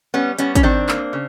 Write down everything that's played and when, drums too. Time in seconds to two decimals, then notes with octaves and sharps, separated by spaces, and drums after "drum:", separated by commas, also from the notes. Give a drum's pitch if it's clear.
0.14 G3 B3 C#4
0.39 G3 B3 C#4, drum: hi-hat
0.55 C#4, drum: kick, hi-hat
0.63 D#3 C4 D4
0.89 A#3, drum: clap
1.13 C#3